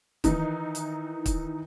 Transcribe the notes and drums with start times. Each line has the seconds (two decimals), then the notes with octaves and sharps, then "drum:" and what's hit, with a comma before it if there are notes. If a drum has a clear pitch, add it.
0.24 D#3 E3 D#4, drum: kick, hi-hat
0.75 drum: hi-hat
1.26 drum: kick, hi-hat